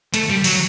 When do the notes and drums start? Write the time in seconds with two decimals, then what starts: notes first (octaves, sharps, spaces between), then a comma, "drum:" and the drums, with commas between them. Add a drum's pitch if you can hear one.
0.14 A3, drum: hi-hat
0.29 G3
0.44 F#3, drum: open hi-hat